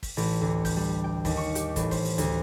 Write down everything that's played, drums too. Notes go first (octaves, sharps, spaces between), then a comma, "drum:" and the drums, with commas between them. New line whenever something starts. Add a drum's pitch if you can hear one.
drum: kick, open hi-hat
A1, drum: open hi-hat
D2
G6, drum: kick, open hi-hat
G3
G5
D#2, drum: kick, open hi-hat
C#6
G4, drum: hi-hat
A1, drum: kick, hi-hat
C5, drum: kick, open hi-hat
drum: open hi-hat
D2, drum: hi-hat